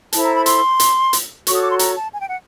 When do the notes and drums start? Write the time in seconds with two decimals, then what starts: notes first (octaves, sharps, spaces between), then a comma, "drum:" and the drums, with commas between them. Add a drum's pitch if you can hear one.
0.13 E4 A4 C5 A5, drum: hi-hat
0.24 A#5
0.35 B5
0.46 C6, drum: hi-hat
0.80 drum: hi-hat
1.13 drum: hi-hat
1.47 F#4 A4 C#5 C#6, drum: hi-hat
1.55 D#6
1.63 D6
1.71 C6
1.79 A#5, drum: hi-hat
1.96 A5
2.13 G#5
2.21 G5
2.29 F#5